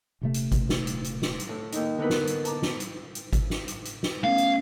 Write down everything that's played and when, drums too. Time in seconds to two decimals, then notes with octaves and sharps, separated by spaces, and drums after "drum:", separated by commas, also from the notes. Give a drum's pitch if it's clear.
0.21 D#1 C3 A3
0.34 drum: hi-hat
0.52 drum: kick G#1, hi-hat
0.69 drum: snare
0.87 drum: hi-hat
1.04 drum: hi-hat
1.22 drum: snare
1.40 drum: hi-hat
1.49 A2
1.72 D#2 D#4, drum: hi-hat
1.98 D3 B3 D#4 E4 A#4 B4
2.10 drum: snare
2.27 drum: hi-hat
2.45 A5 A#5 D6, drum: hi-hat
2.62 drum: snare
2.80 drum: hi-hat
3.15 drum: hi-hat
3.33 drum: kick G#1, hi-hat
3.50 drum: snare
3.68 drum: hi-hat
3.85 drum: hi-hat
4.03 drum: snare
4.24 A3 B3 C#4 F5
4.38 drum: hi-hat